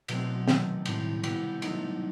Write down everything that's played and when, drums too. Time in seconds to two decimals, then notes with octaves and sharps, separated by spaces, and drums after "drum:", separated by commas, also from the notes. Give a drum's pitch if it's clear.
0.08 B2 F#3 A3 C4, drum: cymbal
0.48 C3 D#3 A3, drum: snare
0.86 A2 G3 C4, drum: cymbal
1.24 G3 B3 E4 G4, drum: cymbal
1.62 F#3 A3 D#4, drum: cymbal